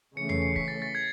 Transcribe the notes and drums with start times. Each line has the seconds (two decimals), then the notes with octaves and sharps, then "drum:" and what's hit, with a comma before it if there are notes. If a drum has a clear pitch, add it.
0.17 C#3 E3 A3 C#4 C#7
0.29 C7, drum: tom E2
0.42 C7
0.56 B6, drum: kick
0.68 A6
0.82 A6
0.95 G#6